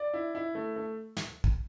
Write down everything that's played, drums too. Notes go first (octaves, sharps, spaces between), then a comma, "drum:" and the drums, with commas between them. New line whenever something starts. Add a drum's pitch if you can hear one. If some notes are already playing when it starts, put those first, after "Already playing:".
Already playing: D5
E4
E4
A3
A3
drum: snare
drum: kick